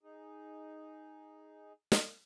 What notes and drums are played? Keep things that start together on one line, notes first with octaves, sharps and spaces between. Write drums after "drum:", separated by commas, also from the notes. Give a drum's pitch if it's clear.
D#4 G#4
drum: snare